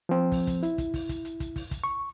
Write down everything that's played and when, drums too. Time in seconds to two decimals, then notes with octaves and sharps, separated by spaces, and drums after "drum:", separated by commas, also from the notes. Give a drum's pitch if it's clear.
0.09 F3 C4
0.32 drum: kick, open hi-hat
0.47 drum: kick, hi-hat
0.63 E4, drum: hi-hat
0.78 drum: kick, hi-hat
0.94 drum: kick, open hi-hat
1.09 drum: kick, hi-hat
1.25 drum: hi-hat
1.40 drum: kick, hi-hat
1.56 drum: kick, open hi-hat
1.71 drum: kick, hi-hat
1.84 C#6